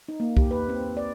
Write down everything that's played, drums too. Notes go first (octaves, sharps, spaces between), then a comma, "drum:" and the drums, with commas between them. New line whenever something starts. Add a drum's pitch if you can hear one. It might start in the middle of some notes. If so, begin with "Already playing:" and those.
D#4
A#3
G4, drum: kick C2
B4
C4
D5